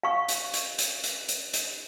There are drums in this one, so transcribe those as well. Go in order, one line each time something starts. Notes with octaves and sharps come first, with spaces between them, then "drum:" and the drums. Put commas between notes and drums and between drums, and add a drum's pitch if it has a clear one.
F5 C#6
drum: hi-hat
drum: hi-hat
drum: hi-hat
drum: hi-hat
drum: hi-hat
drum: hi-hat